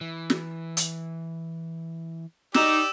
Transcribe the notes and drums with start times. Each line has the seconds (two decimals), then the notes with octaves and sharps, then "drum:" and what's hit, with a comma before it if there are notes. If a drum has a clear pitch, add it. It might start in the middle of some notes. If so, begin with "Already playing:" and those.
0.01 E3
0.30 drum: snare
0.77 drum: hi-hat
2.54 D#4 G4 D5 E6 E7, drum: snare